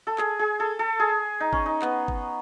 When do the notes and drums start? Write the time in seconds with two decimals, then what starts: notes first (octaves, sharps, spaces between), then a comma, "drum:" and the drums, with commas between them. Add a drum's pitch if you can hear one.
0.07 A4
0.18 G#4, drum: clap
0.39 G#4
0.60 A4
0.79 A4
0.99 G#4
1.40 D#4
1.53 C#4, drum: kick G1
1.66 D#4
1.82 B3, drum: clap
2.08 drum: kick G1